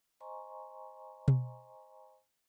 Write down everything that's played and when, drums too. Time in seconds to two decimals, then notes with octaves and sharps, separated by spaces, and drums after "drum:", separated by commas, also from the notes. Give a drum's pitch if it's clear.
0.20 C5 D#5 G#5 A#5 C6 C#6
1.28 drum: tom B2